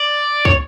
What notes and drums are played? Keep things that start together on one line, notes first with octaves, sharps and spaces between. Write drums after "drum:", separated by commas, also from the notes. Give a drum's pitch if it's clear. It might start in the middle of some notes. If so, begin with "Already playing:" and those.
Already playing: D5
C#5, drum: kick